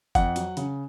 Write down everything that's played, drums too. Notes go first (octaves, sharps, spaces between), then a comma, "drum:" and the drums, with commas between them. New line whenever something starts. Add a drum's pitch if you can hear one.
F2 F#5, drum: kick F#1, hi-hat
F#3, drum: hi-hat
C#3, drum: hi-hat